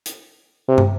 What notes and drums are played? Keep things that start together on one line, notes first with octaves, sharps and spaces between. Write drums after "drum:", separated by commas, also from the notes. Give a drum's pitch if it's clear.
drum: hi-hat
C3
drum: tom